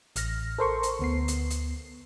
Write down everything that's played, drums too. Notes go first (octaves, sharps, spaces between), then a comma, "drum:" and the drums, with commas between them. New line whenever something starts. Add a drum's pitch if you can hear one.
A1 F6 A#6, drum: hi-hat
A4 A#4 C5 A#5 C6 C#6
drum: hi-hat
D2 B3 C7
drum: hi-hat
drum: hi-hat